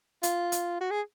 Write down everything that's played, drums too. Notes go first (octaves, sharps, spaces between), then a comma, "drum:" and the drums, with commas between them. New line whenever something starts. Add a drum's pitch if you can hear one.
F4, drum: hi-hat
drum: hi-hat
F#4
G#4